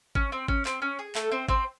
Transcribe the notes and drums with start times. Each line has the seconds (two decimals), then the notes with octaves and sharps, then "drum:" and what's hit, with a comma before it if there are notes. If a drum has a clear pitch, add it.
0.15 C#4, drum: kick G#1
0.32 C4
0.48 C#4, drum: kick G#1
0.65 C4, drum: clap
0.82 C#4
0.99 G#4
1.15 A3 A4, drum: clap
1.31 C4 C5
1.49 C4 C5, drum: kick G#1